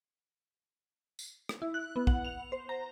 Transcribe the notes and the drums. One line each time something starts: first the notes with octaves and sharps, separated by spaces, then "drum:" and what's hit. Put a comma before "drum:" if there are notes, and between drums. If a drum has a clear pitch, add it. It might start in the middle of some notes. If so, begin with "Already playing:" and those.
drum: tambourine
drum: rim click
E4
F#6
B3
F#5, drum: kick
F7
C5
A#5